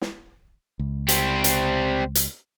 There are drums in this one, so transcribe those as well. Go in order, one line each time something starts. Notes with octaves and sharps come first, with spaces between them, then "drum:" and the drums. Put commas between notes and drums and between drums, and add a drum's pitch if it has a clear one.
drum: snare
C#2
G3 C4, drum: hi-hat
drum: hi-hat
drum: hi-hat